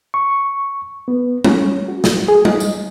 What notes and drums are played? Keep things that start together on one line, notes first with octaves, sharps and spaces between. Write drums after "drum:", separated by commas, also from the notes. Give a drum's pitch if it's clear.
C#6
B3
C#4, drum: tom G3
F#4
drum: snare
G#4
D#5, drum: tom G3
drum: tambourine